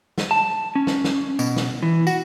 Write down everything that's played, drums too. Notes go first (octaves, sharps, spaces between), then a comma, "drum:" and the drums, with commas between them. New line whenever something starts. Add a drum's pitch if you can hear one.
drum: snare
A5
C#4
drum: snare
drum: snare
B2, drum: tambourine
drum: snare
E3
F#4, drum: tambourine